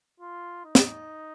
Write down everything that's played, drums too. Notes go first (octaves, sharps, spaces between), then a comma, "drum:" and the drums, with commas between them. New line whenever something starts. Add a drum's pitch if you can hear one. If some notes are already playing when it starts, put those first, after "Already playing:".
F4
D#4
drum: snare